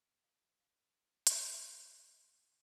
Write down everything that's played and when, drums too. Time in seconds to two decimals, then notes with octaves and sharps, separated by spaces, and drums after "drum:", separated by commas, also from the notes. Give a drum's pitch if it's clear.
0.24 F5
0.60 F5
1.27 E4, drum: hi-hat